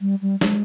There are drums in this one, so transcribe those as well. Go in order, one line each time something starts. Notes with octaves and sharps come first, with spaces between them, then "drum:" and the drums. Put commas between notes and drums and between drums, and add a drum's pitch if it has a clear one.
G3
G3
G#3, drum: snare